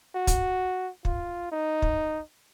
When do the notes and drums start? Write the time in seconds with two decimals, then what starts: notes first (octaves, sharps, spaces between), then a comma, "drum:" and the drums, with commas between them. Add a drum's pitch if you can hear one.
0.15 F#4
0.27 drum: kick, hi-hat
1.05 F4, drum: kick
1.52 D#4
1.82 drum: kick